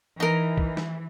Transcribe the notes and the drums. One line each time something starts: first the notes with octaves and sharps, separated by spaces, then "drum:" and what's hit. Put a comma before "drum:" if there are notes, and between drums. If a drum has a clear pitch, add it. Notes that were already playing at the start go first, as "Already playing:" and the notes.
E3 D#4 A#4
drum: kick
drum: snare